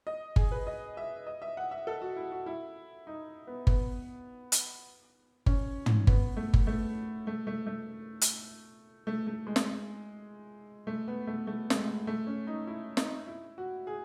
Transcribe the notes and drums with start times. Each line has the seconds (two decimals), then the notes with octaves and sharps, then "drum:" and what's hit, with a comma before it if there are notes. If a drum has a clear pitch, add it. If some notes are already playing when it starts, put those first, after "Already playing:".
0.07 D#5
0.36 G#4, drum: kick G1
0.52 B4
0.67 D#5
0.97 E5
1.27 D#5
1.42 E5
1.57 F#5
1.71 E5
1.87 A4
2.02 F#4
2.17 E4
2.32 F#4
2.46 E4
3.07 D#4
3.47 B3
3.67 B3, drum: kick G1
4.52 drum: hi-hat
5.46 C#4, drum: kick G1
5.86 drum: tom
6.07 B3, drum: kick G1
6.37 A3
6.54 drum: kick G1
6.67 A3
7.27 A3
7.47 A3
7.67 A3
8.21 drum: hi-hat
9.07 A3
9.27 A3
9.47 G#3
9.56 drum: snare
10.87 A3
11.08 B3
11.27 A3
11.47 A3
11.70 G#3, drum: snare
11.78 A3
12.07 A3
12.27 C#4
12.47 D#4
12.67 E4
12.97 D#4, drum: snare
13.27 E4
13.58 F#4
13.87 G#4